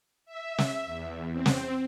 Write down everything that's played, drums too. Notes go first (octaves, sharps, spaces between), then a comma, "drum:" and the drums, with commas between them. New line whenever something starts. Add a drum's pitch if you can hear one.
E5
drum: snare
E2
C4
drum: snare